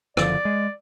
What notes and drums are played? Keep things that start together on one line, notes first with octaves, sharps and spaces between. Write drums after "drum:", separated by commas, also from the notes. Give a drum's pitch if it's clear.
F#1 D3 F3 D5, drum: rim click
G#3